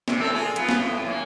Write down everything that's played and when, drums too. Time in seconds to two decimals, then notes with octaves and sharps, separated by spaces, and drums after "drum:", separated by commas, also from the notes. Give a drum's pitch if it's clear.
0.08 A2 C3 D5, drum: snare
0.20 C4 A4 A#4
0.33 F4 G#4
0.56 B3 F4, drum: hi-hat
0.69 drum: snare
0.80 A2
1.06 A#3 C#4